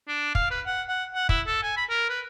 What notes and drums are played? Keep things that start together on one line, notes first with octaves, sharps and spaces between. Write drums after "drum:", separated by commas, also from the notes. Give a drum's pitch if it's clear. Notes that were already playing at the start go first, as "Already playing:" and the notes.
D4
F5, drum: kick
B4
F#5
F#5
F#5
E4, drum: kick
A4
G#5
B5
A#4
B4